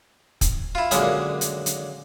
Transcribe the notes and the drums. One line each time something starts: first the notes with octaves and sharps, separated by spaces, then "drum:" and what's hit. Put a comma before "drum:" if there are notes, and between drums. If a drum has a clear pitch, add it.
drum: kick, hi-hat
E4 F4
F#2 A#2 D3 G#3 A#3 C#4, drum: hi-hat
drum: hi-hat
drum: hi-hat